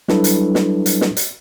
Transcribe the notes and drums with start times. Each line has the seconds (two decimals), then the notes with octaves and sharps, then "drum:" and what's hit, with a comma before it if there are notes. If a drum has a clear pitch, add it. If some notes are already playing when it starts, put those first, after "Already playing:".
0.08 F#3 G3 D4 E4 A4 B4, drum: snare
0.24 drum: hi-hat
0.55 drum: snare
0.86 drum: hi-hat
1.01 drum: snare
1.17 drum: hi-hat